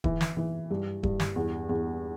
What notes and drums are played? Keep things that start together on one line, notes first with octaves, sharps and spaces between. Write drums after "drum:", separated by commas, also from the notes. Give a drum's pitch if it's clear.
E3, drum: kick D#1
drum: snare
E3
G2
G2, drum: kick D#1
drum: snare
E2
E2